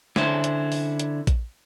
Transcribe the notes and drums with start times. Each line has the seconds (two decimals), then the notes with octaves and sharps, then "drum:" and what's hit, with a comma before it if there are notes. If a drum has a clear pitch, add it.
0.16 D3 C#4 E4 C5, drum: snare
0.44 drum: hi-hat
0.72 drum: open hi-hat
1.00 drum: hi-hat
1.27 drum: kick A#1, hi-hat